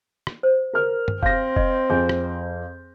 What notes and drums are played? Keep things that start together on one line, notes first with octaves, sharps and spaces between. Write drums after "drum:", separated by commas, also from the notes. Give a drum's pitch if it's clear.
drum: rim click
C5
A#4 F6
drum: tom G2
C4 F5 G6 A#6, drum: kick F1
D#5, drum: kick F1
F2 G#4 G#5 G6
drum: rim click